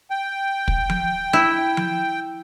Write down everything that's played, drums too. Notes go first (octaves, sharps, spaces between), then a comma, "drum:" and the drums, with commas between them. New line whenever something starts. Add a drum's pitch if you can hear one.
G5
drum: kick
drum: tom F3
E4
drum: tom F3